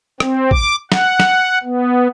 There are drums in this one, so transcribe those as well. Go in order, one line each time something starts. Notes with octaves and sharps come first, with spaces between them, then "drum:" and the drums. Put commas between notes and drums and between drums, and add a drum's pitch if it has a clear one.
C4, drum: rim click
D6, drum: kick A#1
F#5, drum: snare
drum: snare
B3